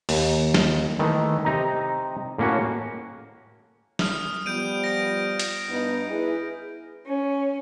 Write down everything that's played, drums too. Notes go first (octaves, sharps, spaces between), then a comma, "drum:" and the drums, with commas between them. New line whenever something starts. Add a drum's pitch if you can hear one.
D#2, drum: open hi-hat
drum: snare
D#3 E3 A3 E4
C3 D#4 A#5
A2 A#3 C#4 F#4
D#6 F6, drum: snare
F3 G3 B3 G6 D7 D#7
A#6 D7
drum: hi-hat
G2 B3 D#4
E4 G#4 B4
C#4